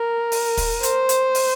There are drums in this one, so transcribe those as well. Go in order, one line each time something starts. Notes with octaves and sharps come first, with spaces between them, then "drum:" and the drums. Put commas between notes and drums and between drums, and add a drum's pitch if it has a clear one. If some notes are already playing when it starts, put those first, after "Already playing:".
Already playing: A#4
drum: open hi-hat
drum: kick, open hi-hat
C5, drum: hi-hat
drum: hi-hat
drum: open hi-hat